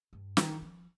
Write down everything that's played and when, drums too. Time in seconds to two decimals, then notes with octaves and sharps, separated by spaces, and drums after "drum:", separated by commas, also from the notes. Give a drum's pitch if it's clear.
0.13 G2
0.37 D#3, drum: snare
0.62 F3